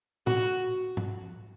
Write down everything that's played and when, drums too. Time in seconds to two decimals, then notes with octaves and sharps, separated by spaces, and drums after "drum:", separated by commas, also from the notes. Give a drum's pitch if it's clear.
0.27 F#4, drum: tom
0.97 drum: tom G#2